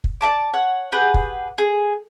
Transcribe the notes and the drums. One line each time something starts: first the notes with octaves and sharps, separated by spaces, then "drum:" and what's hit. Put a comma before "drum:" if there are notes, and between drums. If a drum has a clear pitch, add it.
drum: kick
D5 E5 A5 D6
C#5 F#5
G4 G#4 B4 F#5
drum: kick
G#4